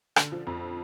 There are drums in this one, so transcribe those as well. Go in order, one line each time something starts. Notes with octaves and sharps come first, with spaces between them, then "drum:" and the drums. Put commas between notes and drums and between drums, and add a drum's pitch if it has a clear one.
D3, drum: rim click
F3
F2